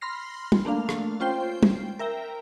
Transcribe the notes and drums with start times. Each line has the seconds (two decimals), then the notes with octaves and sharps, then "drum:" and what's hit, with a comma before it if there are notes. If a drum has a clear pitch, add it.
0.01 B5 C6 F6 A#6 C7
0.52 drum: tom G3
0.65 A3 A#3 D4 F5
0.89 drum: rim click
1.20 C#4 F4 C5 G5 C7
1.63 drum: tom G3
1.99 A#4 E5 G5 A#5